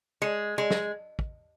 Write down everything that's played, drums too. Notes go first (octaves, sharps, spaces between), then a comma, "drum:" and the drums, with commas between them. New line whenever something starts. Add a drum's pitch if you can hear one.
G#3
G#3
drum: snare
drum: kick